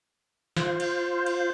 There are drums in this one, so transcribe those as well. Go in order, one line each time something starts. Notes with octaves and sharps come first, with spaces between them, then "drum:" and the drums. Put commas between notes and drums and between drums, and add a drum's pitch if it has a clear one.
F4 C5, drum: snare
drum: cymbal
drum: cymbal